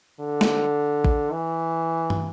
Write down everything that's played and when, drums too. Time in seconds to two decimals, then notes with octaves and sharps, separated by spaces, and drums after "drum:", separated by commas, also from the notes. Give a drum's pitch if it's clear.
0.20 D3
0.41 drum: snare
1.05 drum: kick
1.32 E3
2.10 drum: tom